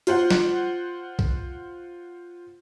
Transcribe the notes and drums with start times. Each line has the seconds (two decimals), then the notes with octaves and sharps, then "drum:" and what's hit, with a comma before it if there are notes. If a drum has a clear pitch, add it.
0.07 F4 C5 F#5, drum: hi-hat
0.31 drum: snare
1.19 drum: kick A#1